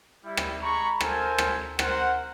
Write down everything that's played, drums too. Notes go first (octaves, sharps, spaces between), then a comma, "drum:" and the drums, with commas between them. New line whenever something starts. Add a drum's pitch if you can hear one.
G3 E4
drum: rim click
G#3 A#5 B5 C#6
F4 A4 A#4 C5 G#5, drum: rim click
drum: rim click
A#4 C5 F#5, drum: rim click